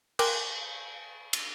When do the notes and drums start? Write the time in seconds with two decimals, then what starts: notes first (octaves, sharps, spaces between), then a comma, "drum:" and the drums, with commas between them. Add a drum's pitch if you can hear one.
0.19 A#4 G5 G#5 C6 D6 F#6, drum: cymbal
1.33 drum: cymbal